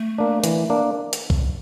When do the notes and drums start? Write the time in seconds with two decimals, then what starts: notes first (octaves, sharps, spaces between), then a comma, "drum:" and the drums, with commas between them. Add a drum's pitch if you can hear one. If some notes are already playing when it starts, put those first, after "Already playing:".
Already playing: A3
0.18 A#3 D4
0.44 E3, drum: hi-hat
0.70 A#3 D4
1.13 drum: hi-hat
1.30 drum: kick